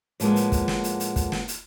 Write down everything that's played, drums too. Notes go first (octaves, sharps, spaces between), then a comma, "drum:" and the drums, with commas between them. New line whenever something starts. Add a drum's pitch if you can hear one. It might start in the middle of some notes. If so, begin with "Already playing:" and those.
A2 F3 G#3 A#3 B3, drum: hi-hat
drum: hi-hat
drum: kick, hi-hat
drum: snare
drum: hi-hat
drum: hi-hat
drum: kick, hi-hat
drum: snare
drum: hi-hat